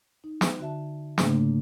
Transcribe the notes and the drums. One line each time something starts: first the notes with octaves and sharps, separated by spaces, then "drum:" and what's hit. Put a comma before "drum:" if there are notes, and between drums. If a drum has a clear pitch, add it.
D#4
drum: snare
D3 F#4 E5 A5
G#2 C#3 A3 A#3 D4, drum: snare